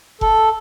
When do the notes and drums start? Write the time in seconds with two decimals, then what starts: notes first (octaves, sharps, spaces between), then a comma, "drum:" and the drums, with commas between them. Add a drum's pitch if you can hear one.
0.21 A4, drum: kick F1